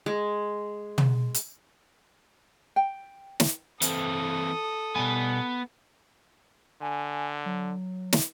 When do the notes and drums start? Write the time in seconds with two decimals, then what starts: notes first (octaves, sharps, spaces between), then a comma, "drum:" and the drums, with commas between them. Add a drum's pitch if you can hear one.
0.06 G#3
0.98 drum: tom
1.34 drum: hi-hat
2.76 G5
3.40 drum: snare
3.82 E3 C4 A4 D#6, drum: hi-hat
4.96 B2 G3 B3 G#5
6.82 D3 G#5
7.45 F#3
8.13 drum: snare